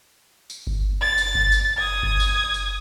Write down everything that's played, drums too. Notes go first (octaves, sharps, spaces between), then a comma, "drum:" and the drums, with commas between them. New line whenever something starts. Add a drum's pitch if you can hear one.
drum: tambourine
drum: kick G1
A6
drum: tambourine
drum: kick G1
drum: tambourine
D#6 G#6
drum: kick G1
drum: tambourine
drum: tambourine